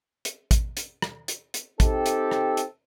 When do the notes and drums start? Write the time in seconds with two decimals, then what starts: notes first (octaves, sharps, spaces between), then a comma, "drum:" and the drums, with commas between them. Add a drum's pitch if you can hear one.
0.25 drum: hi-hat
0.51 drum: kick, hi-hat
0.77 drum: hi-hat
1.02 drum: rim click
1.28 drum: hi-hat
1.54 drum: hi-hat
1.80 C4 D#4 G4 A4, drum: kick, hi-hat
2.06 drum: hi-hat
2.31 drum: rim click
2.57 drum: hi-hat